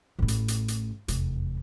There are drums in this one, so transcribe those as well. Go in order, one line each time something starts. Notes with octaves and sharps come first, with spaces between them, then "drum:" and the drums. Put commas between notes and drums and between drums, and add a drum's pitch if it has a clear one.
A1 A2
drum: hi-hat
drum: hi-hat
drum: hi-hat
F1 E2, drum: hi-hat